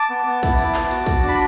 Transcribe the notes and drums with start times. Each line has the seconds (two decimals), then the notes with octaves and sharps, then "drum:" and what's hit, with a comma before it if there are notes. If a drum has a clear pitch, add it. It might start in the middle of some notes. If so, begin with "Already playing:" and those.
Already playing: A5 D6
0.09 B3
0.26 B3
0.43 E4, drum: kick, tambourine
0.58 E4, drum: tambourine
0.74 B3, drum: clap
0.91 F#4, drum: tambourine
1.06 F#4, drum: kick, tambourine
1.23 D4, drum: tambourine
1.28 B5